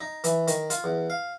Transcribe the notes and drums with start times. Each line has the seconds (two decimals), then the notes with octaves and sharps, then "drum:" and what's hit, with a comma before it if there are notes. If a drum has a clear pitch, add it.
0.01 D#4
0.24 E3, drum: hi-hat
0.48 D#3, drum: hi-hat
0.70 F4, drum: hi-hat
0.84 E2
1.10 F5